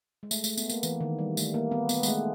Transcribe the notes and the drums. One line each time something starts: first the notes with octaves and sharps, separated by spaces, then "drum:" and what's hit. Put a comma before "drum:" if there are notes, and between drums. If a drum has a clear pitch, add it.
G#3
A3, drum: tambourine
A3, drum: tambourine
B3, drum: tambourine
A#3, drum: tambourine
E3, drum: tambourine
D#3
G3
A3, drum: tambourine
A#3
B3
B3, drum: tambourine
G#3, drum: tambourine
A3